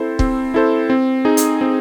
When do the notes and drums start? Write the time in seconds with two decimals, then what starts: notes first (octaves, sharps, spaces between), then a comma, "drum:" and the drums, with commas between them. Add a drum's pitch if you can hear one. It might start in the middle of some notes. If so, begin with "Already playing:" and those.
Already playing: C4 E4 A4 C5
0.19 C4, drum: kick
0.54 E4 A4 C5
0.90 C4
1.25 D#4 G#4
1.37 drum: hi-hat
1.61 C4